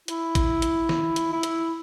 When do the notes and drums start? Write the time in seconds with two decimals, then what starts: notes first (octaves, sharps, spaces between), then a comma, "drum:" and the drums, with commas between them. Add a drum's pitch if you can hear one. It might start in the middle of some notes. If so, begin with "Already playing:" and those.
0.08 E4, drum: hi-hat
0.35 drum: kick, hi-hat
0.62 drum: hi-hat
0.89 drum: snare
1.16 drum: hi-hat
1.32 E4
1.43 drum: hi-hat